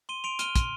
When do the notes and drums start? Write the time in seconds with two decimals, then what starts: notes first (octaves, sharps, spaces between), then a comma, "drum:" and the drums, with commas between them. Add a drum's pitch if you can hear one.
0.09 C6 D#7 G7
0.24 C6 D7 F7
0.39 F6 D#7 G7, drum: hi-hat
0.56 C6, drum: kick, hi-hat